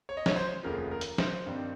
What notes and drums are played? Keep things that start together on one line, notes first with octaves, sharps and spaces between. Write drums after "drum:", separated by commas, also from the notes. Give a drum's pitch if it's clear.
C#5
D#5
C#5, drum: snare
C5
F1 D#2 C#3 F3 A#4
A#4
drum: hi-hat
C5, drum: snare
G2 D#3 G3 C4